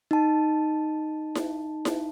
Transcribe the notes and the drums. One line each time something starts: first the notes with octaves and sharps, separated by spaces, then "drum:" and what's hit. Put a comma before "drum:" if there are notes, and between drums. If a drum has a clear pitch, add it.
D#4 A5
drum: snare E4
drum: snare E4